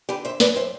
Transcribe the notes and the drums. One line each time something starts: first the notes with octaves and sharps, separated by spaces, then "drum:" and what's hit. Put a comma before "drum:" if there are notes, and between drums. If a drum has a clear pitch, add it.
D3 G4 B4
C5 E5
F#2 B4 D5, drum: snare
C5 E5